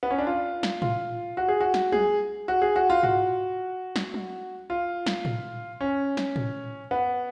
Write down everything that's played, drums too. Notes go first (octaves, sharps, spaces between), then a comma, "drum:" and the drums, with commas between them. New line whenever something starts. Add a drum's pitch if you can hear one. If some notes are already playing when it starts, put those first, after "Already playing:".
B3
C#4
D4
F4
drum: snare
F4, drum: tom A2
F#4
G#4
F#4
drum: snare
G#4, drum: tom F#3
F#4
G#4
F#4
F4
F#4, drum: tom G#2
drum: snare
drum: tom F#3
F4
drum: snare
drum: tom A2
C#4
drum: snare
drum: tom A2
B3